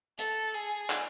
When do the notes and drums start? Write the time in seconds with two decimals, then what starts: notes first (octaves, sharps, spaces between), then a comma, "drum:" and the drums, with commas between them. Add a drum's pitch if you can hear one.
0.19 A4, drum: hi-hat
0.54 G#4
0.90 drum: clap